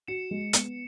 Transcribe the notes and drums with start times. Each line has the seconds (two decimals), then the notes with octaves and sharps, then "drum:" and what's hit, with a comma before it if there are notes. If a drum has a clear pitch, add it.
0.08 F#4 C#7 E7
0.31 G#3
0.53 B3, drum: hi-hat